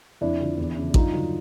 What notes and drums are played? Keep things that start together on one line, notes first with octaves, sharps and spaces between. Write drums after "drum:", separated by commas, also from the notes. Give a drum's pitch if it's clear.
F2 D4 E4
D3 F3
E2
C#3 F3
G2 D#4 F4, drum: kick A1
D3 F#3